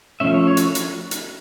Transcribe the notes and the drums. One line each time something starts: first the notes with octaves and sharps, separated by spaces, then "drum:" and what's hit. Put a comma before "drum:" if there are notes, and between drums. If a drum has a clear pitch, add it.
F3 A3 C#4 E5
C#5
C#5
drum: hi-hat
drum: hi-hat
drum: hi-hat